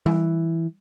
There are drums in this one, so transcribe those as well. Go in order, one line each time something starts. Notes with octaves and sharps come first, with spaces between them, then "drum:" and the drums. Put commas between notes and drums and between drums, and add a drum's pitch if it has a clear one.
E3, drum: tom G3